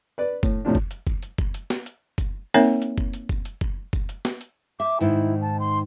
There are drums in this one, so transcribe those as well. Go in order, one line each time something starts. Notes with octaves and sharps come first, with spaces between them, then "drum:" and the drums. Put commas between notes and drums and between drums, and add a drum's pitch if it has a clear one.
B4 D5
A2, drum: kick F#1
A2 C3 F3 D4
drum: kick F#1
drum: hi-hat
drum: kick F#1
drum: hi-hat
drum: kick F#1
drum: hi-hat
drum: snare
drum: hi-hat
drum: kick F#1, hi-hat
A#3 C4 D#4 A#4 C#5 E5
drum: hi-hat
drum: kick F#1
drum: hi-hat
drum: kick F#1
drum: hi-hat
drum: kick F#1
drum: kick F#1
drum: hi-hat
drum: snare
drum: hi-hat
E5 D6
G#2 D#3 E4
A5
C6